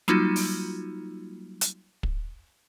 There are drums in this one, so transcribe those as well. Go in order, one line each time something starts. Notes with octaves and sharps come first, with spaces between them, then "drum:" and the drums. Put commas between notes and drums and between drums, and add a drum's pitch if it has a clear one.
F#3 G3 A#3 D#4 F4 F#4, drum: snare
drum: open hi-hat
drum: hi-hat
drum: kick